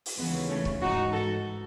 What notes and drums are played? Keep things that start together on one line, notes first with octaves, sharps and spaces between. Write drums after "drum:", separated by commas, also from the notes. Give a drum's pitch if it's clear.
drum: open hi-hat
D#2 C#3 E3 G#3 B3
A3 C#4
drum: kick
G#2 E3 D#4 F#4
F#4 A4